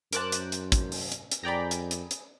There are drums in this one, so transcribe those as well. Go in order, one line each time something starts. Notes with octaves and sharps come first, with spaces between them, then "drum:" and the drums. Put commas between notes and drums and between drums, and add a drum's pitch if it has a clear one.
F#2 A#4 C5 A5 D6 F#6, drum: hi-hat
drum: hi-hat
drum: hi-hat
drum: kick, hi-hat
drum: open hi-hat
drum: hi-hat
drum: hi-hat
F2 G#4 D5 G5 A#5 B5
drum: hi-hat
drum: hi-hat
drum: hi-hat